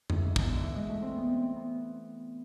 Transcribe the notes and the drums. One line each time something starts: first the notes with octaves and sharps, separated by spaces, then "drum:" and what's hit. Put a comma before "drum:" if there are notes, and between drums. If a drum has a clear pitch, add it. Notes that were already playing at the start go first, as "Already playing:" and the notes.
A2, drum: tom F2
G#2
B2, drum: kick
D3
E3
G#3
A3
C4
B3
C4
C4
B3